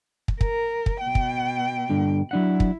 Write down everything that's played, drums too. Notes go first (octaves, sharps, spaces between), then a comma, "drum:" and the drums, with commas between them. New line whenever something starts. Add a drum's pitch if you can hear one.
drum: kick
A#4, drum: kick
drum: kick
B2 G5
drum: kick
G2 D3
F#3 D4 E4 F#5
drum: kick